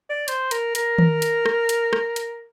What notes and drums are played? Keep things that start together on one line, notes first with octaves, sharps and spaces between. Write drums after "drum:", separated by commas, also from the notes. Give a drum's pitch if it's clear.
D5
C5, drum: hi-hat
A#4, drum: hi-hat
A#4, drum: hi-hat
drum: tom D#3
drum: hi-hat
drum: rim click
drum: hi-hat
drum: rim click
drum: hi-hat